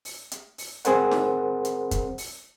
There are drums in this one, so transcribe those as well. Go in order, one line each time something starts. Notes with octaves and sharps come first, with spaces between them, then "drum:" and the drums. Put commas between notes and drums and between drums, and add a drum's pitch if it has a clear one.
drum: open hi-hat
drum: hi-hat
drum: open hi-hat
C4 G#4 A#4 C5 F#5, drum: hi-hat
drum: snare
drum: hi-hat
drum: kick, hi-hat
drum: open hi-hat